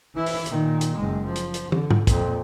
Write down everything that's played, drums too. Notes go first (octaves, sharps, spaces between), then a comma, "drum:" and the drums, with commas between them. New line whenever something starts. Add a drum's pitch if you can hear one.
E3 E4
drum: open hi-hat
A#2 D#3, drum: hi-hat
drum: hi-hat
F#1 G#3
F3
drum: hi-hat
drum: hi-hat
D3, drum: tom
drum: tom G#2
F2 A#2, drum: kick, hi-hat